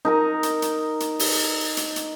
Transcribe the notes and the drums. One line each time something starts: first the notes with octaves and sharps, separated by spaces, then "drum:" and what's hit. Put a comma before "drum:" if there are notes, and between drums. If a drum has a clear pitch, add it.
D#4 A#4 A#5
drum: hi-hat
drum: hi-hat
drum: hi-hat
drum: open hi-hat
drum: hi-hat
drum: hi-hat